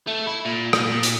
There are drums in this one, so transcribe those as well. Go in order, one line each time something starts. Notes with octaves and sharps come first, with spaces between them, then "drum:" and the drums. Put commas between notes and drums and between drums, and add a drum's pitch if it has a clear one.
A3
E4
A#2
A#2, drum: rim click
A#2
drum: hi-hat